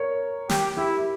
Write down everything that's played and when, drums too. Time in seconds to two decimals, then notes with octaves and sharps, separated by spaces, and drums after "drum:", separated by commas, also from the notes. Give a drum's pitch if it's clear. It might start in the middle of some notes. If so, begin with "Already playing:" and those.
Already playing: A#4 C#5
0.49 G4, drum: snare
0.77 E4 G4